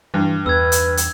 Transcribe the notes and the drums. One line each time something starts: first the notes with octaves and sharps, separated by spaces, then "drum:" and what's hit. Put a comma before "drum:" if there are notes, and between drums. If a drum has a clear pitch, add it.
G2 E3
E2 B4 E6 G#6
drum: hi-hat
drum: hi-hat